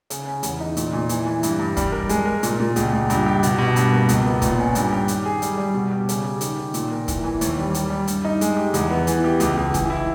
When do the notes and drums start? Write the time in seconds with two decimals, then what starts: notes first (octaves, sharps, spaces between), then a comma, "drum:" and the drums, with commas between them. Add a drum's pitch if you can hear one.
0.10 C#3, drum: hi-hat
0.27 C#4
0.43 E2, drum: hi-hat
0.61 D#4
0.77 A#2, drum: hi-hat
0.93 A#2
1.09 E3, drum: hi-hat
1.26 E3
1.43 G2, drum: hi-hat
1.59 G2
1.77 G3, drum: kick, hi-hat
1.92 A#4
2.09 G#3, drum: hi-hat
2.26 A#4
2.43 A#2, drum: hi-hat
2.60 A#2
2.76 C#2, drum: hi-hat
2.93 C#2
3.10 G2, drum: hi-hat
3.26 G4
3.43 B2, drum: hi-hat
3.58 B2
3.76 G2, drum: hi-hat
3.92 A#3
4.09 C#2, drum: hi-hat
4.25 B3
4.42 A#2, drum: kick, hi-hat
4.59 C#4
4.75 G2, drum: hi-hat
4.92 G4
5.08 D#3, drum: hi-hat
5.25 G#4
5.42 G3, drum: hi-hat
5.58 G3
5.74 B2
5.91 G4
6.09 C#3, drum: hi-hat
6.25 G4
6.41 D#3, drum: hi-hat
6.58 D#3
6.74 A#2, drum: hi-hat
6.92 A#4
7.08 E3, drum: kick, hi-hat
7.24 E3
7.41 D#2, drum: hi-hat
7.58 G3
7.74 G3, drum: hi-hat
7.90 G3
8.08 G2, drum: hi-hat
8.25 D#4
8.41 G#3, drum: hi-hat
8.57 G4
8.74 E2, drum: hi-hat
8.91 B3
9.07 E3, drum: hi-hat
9.24 G4
9.40 C#2, drum: hi-hat
9.57 C#2
9.74 E3, drum: kick, hi-hat
9.90 E4